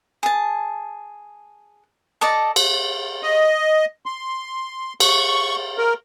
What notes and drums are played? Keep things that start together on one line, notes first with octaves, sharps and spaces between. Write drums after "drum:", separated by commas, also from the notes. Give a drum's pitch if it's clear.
G#4 A5
A4 D5 D#5 A5
drum: cymbal
D#5
C6
C#6, drum: cymbal
A#4